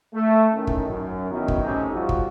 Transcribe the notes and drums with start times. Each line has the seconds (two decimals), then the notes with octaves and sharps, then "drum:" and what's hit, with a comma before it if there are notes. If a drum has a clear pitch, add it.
0.13 A3
0.53 A2 D#3 C#4 D#4
0.67 drum: kick
0.88 F#2
1.29 D#3 F#3 B3 C#4 D#4 E4
1.48 drum: kick
1.62 C3 A3 C#4 D#4
1.92 F3 G3 F#4
2.09 drum: kick